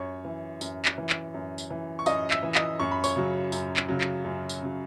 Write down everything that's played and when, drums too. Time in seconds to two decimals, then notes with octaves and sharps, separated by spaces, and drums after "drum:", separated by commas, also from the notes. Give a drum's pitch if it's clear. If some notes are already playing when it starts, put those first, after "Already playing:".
Already playing: F#2 C#5 C#6
0.25 E3
0.61 F#2, drum: tambourine
0.85 drum: clap
0.98 E3
1.10 drum: clap
1.34 F#2
1.58 drum: tambourine
1.70 E3
1.99 C#6
2.06 F#2 D#5 D#6, drum: tambourine
2.31 E5 E6, drum: clap
2.43 E3
2.55 D#5 D#6, drum: clap
2.79 F#2 C#6
2.91 B5
3.04 C#5 C#6, drum: tambourine
3.16 C#3 F#3
3.52 F#2, drum: tambourine
3.77 drum: clap
3.89 C#3 F#3
4.01 drum: clap
4.25 F#2
4.49 drum: tambourine
4.62 C#3 F#3